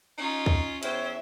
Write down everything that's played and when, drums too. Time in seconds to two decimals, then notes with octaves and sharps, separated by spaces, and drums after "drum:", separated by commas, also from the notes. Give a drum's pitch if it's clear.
0.18 C#4 D#4 F4
0.46 drum: kick
0.83 E2 C5 C#5 E5 G5, drum: hi-hat